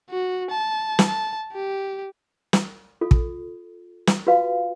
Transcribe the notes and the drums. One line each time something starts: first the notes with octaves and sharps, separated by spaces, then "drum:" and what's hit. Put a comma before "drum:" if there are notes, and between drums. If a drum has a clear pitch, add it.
F#4
A5
drum: snare
A5
G4
drum: snare
F4 A4
drum: kick
drum: snare
F4 F#4 B4 F5